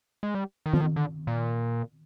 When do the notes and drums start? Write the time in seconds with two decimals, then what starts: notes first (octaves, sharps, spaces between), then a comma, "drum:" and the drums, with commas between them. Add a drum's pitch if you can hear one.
0.23 G#3
0.35 G3
0.66 D#3
0.73 F3, drum: tom D#3
0.81 D#3
0.96 D3
1.27 A#2